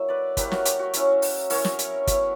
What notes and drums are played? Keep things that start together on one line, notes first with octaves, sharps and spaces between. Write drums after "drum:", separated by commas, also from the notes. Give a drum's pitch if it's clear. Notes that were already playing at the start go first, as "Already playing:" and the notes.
Already playing: F#3 A#3 E4 E5
B4 D5
F#3 A#3 E4 G4 B4, drum: kick, hi-hat
F#4 A#4, drum: snare
G4, drum: hi-hat
F#4
F#3 C#4 E4, drum: hi-hat
drum: open hi-hat
F#3 C#4 E4 A#4 C#5, drum: open hi-hat
drum: snare
drum: hi-hat
F#3 B3 E4, drum: kick, hi-hat